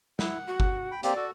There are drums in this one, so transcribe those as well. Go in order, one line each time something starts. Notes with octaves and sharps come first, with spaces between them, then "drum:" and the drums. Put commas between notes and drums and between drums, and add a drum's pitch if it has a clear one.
E4 F#5, drum: snare
F#4
drum: kick G1
G5 B5
A#3 C4 G4 D5, drum: hi-hat
F#4 A4